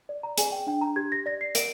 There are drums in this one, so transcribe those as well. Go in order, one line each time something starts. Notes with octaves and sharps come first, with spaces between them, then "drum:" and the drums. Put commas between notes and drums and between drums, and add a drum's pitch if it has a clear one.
D5
A#5
G#4 G#5, drum: hi-hat
G5
D4 G5
A#5
G4 G#6
A#6
D5 A#6
C7
A#4 D7, drum: hi-hat